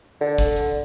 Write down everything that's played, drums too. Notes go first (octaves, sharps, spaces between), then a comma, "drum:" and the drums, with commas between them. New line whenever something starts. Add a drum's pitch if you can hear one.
D3
drum: kick, hi-hat
drum: hi-hat